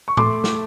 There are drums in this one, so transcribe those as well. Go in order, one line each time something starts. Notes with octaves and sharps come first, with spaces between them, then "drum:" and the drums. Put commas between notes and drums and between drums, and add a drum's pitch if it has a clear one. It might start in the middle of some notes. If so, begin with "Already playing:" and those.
C#6
A3 C6 D6, drum: tom A2
drum: snare